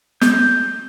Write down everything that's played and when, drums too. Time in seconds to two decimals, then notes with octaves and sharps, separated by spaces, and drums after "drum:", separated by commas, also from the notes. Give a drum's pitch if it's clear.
0.21 G6, drum: snare